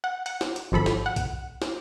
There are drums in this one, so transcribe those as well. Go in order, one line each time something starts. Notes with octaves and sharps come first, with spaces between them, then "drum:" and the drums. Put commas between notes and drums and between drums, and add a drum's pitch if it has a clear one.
F#5
F#5, drum: hi-hat
drum: snare
drum: hi-hat
G#1 F3 A4 B5
drum: snare
F#5
drum: kick B1, hi-hat
drum: snare